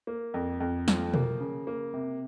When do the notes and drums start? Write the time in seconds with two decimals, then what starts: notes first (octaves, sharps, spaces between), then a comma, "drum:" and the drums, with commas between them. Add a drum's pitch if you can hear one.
0.07 A#3
0.34 F2
0.60 F2
0.88 F3, drum: snare
1.14 A#3, drum: tom B2
1.40 C#3
1.67 A#3
1.94 C3